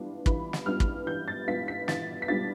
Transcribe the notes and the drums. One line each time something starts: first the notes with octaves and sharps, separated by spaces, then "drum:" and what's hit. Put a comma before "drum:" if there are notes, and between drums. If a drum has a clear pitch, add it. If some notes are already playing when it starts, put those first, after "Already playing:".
Already playing: E3 G3 B3 D4 F4
E3 B5, drum: kick
drum: snare
G3 B3 D4 F4 F6
drum: kick
E3 G6
A6
G3 B3 D4 F4 B6
B6
E3 A6, drum: snare
B6
G3 B3 D4 F4 A6